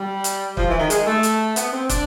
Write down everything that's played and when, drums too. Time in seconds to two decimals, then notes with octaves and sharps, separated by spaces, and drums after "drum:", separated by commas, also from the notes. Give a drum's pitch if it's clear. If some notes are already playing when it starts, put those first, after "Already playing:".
Already playing: G3
0.24 drum: hi-hat
0.57 F3, drum: kick
0.69 E3
0.79 D#3
0.90 G#3, drum: hi-hat
1.07 A3
1.23 drum: hi-hat
1.56 B3, drum: hi-hat
1.73 C4
1.89 D4, drum: kick, hi-hat